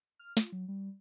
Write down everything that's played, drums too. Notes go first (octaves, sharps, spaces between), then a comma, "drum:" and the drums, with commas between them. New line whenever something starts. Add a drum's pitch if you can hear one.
F6
F4, drum: snare
F#3
G3